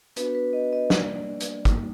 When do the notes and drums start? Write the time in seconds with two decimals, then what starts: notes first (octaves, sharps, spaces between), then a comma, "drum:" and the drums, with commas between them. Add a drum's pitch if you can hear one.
0.16 B3 D4 F#4 B4, drum: hi-hat
0.35 B4
0.53 D#5
0.73 D#5
0.90 G3 A#3 D4 D5, drum: snare
1.40 drum: hi-hat
1.65 G3 A#3 D#4, drum: kick, hi-hat